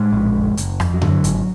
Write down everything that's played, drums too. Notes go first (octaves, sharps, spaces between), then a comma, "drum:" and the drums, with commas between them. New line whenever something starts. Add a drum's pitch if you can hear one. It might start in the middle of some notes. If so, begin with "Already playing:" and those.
Already playing: A2 G#3
A#1
F#1
F#1, drum: hi-hat
F2, drum: rim click
F#3
D3, drum: tom F#2
F#3
G#1, drum: hi-hat